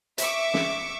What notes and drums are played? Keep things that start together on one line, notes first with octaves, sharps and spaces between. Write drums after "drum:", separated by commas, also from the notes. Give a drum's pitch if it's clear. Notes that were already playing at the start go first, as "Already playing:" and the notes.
E5 C#6 D6, drum: hi-hat
drum: snare